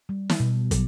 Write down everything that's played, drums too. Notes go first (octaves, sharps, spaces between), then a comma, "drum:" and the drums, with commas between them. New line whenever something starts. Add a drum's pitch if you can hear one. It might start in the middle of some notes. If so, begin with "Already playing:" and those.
G3
drum: snare
B2
F#3, drum: kick, hi-hat